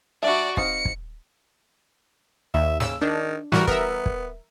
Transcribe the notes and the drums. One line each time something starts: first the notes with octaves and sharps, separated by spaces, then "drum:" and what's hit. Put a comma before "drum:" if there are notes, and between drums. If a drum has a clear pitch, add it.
G3 D4 F#4 D5 E5
C4 D#4 F5 C#7, drum: kick
drum: kick
D#2 E5
C#3 E6, drum: snare
D#3 D4
E3 G3 F#4 A#4, drum: snare
B3 A#4 E5, drum: kick
drum: kick